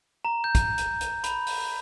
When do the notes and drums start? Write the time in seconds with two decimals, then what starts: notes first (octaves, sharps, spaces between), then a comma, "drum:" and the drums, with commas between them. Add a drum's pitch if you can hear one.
0.25 A#5
0.44 G6
0.55 drum: kick, hi-hat
0.78 drum: hi-hat
1.01 drum: hi-hat
1.24 B5, drum: hi-hat
1.47 drum: open hi-hat